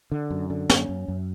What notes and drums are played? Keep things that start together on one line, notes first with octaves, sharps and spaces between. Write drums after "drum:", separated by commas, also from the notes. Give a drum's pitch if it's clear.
D3
F#2
D3
F#2 C#4, drum: snare
F#2
F#2